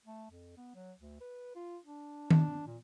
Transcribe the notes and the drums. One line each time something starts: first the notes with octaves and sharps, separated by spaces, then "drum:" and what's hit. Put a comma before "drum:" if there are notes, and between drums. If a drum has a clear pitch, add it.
A3
F2
B3
F#3
D2
B4
F4
D4
D4, drum: tom D#3
A#2